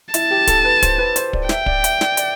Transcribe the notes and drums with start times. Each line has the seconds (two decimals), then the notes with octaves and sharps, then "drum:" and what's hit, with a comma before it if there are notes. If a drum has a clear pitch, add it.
0.14 E4 A5, drum: hi-hat
0.31 G4
0.47 A4, drum: kick, hi-hat
0.64 B4
0.82 C5, drum: kick, hi-hat
0.98 B4
1.16 C5, drum: hi-hat
1.33 D5, drum: kick
1.49 E5 G5, drum: snare
1.66 D5, drum: kick
1.84 E5, drum: hi-hat
2.01 D5, drum: snare
2.17 D5, drum: hi-hat